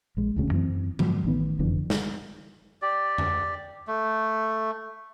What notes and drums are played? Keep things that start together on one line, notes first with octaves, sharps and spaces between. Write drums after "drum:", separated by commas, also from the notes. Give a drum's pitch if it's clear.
A#1 G#3
D#1 D2 C#3
F#2 E3 C4
G#2 F3 F#3, drum: tom D3
A1 D#3 B3
F#1 F2 D3 E3
drum: snare
G4 D5
drum: tom F2
A3